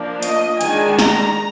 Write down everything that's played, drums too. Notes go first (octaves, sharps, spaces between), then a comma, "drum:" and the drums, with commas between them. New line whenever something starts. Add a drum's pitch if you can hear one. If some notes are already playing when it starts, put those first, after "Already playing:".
Already playing: F3 A#3 D4
D#5, drum: hi-hat
D#3 G#3 D4 G#5, drum: hi-hat
A#5, drum: snare